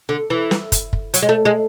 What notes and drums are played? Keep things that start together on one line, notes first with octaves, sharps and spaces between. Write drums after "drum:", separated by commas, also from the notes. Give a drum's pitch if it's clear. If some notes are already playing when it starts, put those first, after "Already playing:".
D3
E3
drum: snare
drum: kick, hi-hat
drum: kick
F#3, drum: hi-hat
G#3
A3
G#3